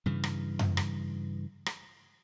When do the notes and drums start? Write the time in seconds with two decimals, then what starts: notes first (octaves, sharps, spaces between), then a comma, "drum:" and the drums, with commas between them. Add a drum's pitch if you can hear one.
0.06 G2 C#3 E3
0.24 drum: rim click
0.59 drum: tom F#2
0.77 drum: rim click
1.66 drum: rim click